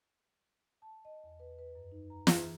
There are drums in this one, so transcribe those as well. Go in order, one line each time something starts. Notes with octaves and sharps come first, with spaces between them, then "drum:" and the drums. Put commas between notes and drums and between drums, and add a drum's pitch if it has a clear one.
A5
D#5
E2
B4
B4
F#2
D#4
A#5
G#4, drum: snare
E3